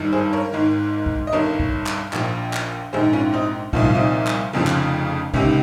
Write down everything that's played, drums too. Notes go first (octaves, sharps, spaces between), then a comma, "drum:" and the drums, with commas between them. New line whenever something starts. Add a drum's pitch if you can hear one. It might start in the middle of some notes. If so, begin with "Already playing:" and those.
Already playing: G#1 G2 D#3
G#4 C5
A#4 C#5
G#1 G#2 D#3
drum: kick
D#5
G1 G2 D#3 A#4 C#5
drum: kick
drum: clap
A#1 A#2 F3, drum: clap
drum: clap
A#1 G#2 D#3 G#4 C5
C#4 F4
C4 D#4
C2 A#2 F3 D#4, drum: kick
F4
C4 D#4
drum: clap
F1 F2 C#3 F3
drum: clap
C#2 C3 D#3 C#4, drum: kick